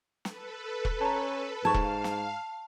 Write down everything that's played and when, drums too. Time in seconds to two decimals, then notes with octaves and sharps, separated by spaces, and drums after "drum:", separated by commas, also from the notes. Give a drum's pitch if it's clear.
0.25 A4 B4, drum: snare
0.85 drum: kick E1
1.01 C#4 A5 A#5
1.65 G#2 F5 A5 C#6 G#6
1.74 drum: kick E1
2.04 drum: snare